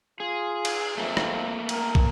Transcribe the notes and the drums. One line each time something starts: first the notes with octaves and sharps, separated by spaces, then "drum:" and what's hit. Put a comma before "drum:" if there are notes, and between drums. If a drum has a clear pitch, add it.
F4 G#4
drum: cymbal
F2 A3 A#3 E5
drum: rim click
A#4, drum: cymbal
drum: kick